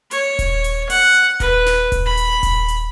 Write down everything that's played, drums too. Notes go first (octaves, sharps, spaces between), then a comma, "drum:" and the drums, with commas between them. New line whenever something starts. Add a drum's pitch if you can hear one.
C#5, drum: hi-hat
drum: kick D#1, hi-hat
drum: hi-hat
F#5, drum: open hi-hat
B4, drum: kick D#1, hi-hat
drum: snare
drum: kick D#1, hi-hat
B5
drum: hi-hat
drum: kick D#1, hi-hat
drum: hi-hat